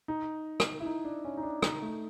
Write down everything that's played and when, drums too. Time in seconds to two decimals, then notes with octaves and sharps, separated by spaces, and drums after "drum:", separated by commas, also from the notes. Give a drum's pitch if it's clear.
0.08 D#4
0.60 drum: rim click
0.80 E4
0.86 D#4
1.04 D4
1.25 C#4
1.37 D#4
1.43 D4
1.62 D#4, drum: rim click
1.82 A3